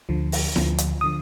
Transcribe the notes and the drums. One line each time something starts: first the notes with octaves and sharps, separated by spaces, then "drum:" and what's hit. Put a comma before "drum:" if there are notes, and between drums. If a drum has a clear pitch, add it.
D2 D3 F3
drum: open hi-hat
D2 D3 F3, drum: snare E4
drum: hi-hat
D3 F3 D#6